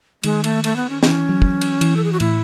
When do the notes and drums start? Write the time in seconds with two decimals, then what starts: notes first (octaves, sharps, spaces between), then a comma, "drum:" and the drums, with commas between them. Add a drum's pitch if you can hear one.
0.23 D#3 G#3, drum: cymbal
0.44 A3, drum: cymbal
0.64 A3, drum: cymbal
0.76 B3
0.89 C#4
1.03 E3 C#4, drum: snare
1.29 F#3
1.42 drum: kick
1.61 drum: cymbal
1.81 E3, drum: cymbal
1.97 A4
2.04 G#4
2.12 F#4
2.20 A2 E4, drum: cymbal